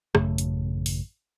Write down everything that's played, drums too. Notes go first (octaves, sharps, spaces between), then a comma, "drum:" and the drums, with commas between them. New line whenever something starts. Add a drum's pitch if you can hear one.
A1 F#2 C#3 A3, drum: rim click
drum: hi-hat
drum: open hi-hat